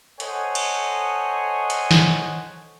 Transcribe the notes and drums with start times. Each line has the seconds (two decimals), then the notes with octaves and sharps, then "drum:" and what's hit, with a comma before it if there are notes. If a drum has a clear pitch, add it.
0.20 A4 C5 C#5 D#5 F#5 G#5, drum: hi-hat
0.55 drum: cymbal
1.70 drum: hi-hat
1.91 drum: snare